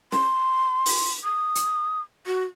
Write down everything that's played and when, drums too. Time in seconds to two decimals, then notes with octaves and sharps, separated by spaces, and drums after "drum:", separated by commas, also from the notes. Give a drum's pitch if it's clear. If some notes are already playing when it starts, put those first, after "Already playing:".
0.12 C6, drum: snare
0.86 drum: open hi-hat
1.24 D#6
1.55 drum: hi-hat
2.27 F#4